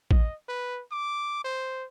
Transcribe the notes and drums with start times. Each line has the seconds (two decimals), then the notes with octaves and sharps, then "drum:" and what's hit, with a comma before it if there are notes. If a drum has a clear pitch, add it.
0.11 D#5, drum: kick A1
0.49 B4
0.92 D6
1.44 C5